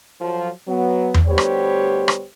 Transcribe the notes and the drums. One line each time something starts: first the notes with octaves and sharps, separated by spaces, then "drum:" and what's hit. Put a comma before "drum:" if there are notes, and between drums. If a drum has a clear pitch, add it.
F3 F#3 A4
F#3 B3
drum: tom E2
D2 G3 B3 G4 C5 C#5
drum: rim click
drum: rim click